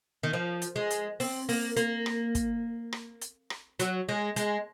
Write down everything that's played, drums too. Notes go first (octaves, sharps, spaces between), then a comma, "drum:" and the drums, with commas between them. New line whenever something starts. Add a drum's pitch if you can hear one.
D#3
F3
drum: hi-hat
G#3
drum: hi-hat
C4, drum: open hi-hat
A#3, drum: open hi-hat
A#3, drum: hi-hat
drum: rim click
drum: kick, hi-hat
drum: rim click
drum: hi-hat
drum: rim click
F#3, drum: hi-hat
G#3
G#3, drum: hi-hat